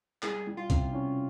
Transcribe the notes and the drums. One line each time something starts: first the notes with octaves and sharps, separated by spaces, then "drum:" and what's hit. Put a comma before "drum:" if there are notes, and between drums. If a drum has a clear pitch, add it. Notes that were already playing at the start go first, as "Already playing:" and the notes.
G3 G#4, drum: clap
G3
F4
C3, drum: kick B1, hi-hat
C#4